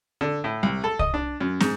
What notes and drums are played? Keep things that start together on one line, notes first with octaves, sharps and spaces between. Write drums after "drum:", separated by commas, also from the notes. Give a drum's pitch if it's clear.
D3
A2
C2
A4
D#5, drum: kick C2
D4
F#2
G#2, drum: snare